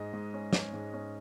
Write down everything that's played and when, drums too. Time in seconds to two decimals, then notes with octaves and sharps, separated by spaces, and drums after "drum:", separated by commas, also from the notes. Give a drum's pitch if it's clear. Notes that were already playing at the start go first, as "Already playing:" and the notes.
Already playing: G#2 G#3 D#5
0.13 G#2
0.34 C#4
0.53 C#4, drum: snare
0.73 G#2
0.93 C#4